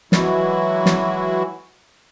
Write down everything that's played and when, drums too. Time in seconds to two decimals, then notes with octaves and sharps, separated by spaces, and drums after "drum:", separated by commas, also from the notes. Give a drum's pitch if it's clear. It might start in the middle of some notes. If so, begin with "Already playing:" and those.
0.12 E3 F#3 G#3 E4 F#4, drum: snare
0.86 drum: snare